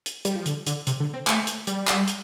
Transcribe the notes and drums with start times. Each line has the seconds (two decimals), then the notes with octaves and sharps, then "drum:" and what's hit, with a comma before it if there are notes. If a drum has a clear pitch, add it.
0.06 drum: hi-hat
0.25 G3, drum: hi-hat
0.36 F3
0.46 D3, drum: hi-hat
0.67 D3, drum: hi-hat
0.87 C3, drum: hi-hat
1.00 D3
1.14 C4
1.27 A3, drum: clap
1.47 drum: hi-hat
1.67 G3, drum: hi-hat
1.87 drum: clap
2.08 drum: hi-hat